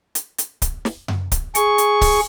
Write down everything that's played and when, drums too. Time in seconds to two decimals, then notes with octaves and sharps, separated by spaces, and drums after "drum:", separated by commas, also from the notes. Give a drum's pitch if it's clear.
0.15 drum: hi-hat
0.38 drum: hi-hat
0.62 drum: kick C#1, hi-hat
0.85 drum: snare
1.08 drum: tom F#2
1.32 drum: kick C#1, hi-hat
1.55 G#4 C#6, drum: hi-hat
1.78 drum: hi-hat
2.01 drum: kick C#1, open hi-hat